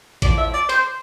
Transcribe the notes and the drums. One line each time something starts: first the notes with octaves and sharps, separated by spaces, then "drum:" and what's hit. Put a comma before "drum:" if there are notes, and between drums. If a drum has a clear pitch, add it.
A2 F3 D5, drum: kick A1, hi-hat
E5
D5
C5, drum: hi-hat